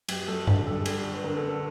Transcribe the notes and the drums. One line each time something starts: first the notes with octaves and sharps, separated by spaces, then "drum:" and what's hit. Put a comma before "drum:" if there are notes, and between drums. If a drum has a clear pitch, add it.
F#2 G4, drum: cymbal
F#2 A4
D3 A4, drum: tom G2
G3 A4
G#4
G3 A4, drum: cymbal
G3
B4
D3 A#4
A4
D3
A4